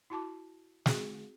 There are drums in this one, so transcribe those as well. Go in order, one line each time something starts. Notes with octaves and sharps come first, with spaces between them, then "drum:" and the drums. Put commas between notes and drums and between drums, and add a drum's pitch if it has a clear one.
E4 F#4 A5 D6
C4 F#4 G#4, drum: snare